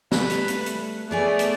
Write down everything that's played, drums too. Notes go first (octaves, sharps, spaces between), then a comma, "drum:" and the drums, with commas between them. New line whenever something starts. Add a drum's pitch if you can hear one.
G3 A3 B4, drum: snare
drum: hi-hat
drum: hi-hat
drum: hi-hat
A3 B3 G#4 C#5 D5 G#5
drum: hi-hat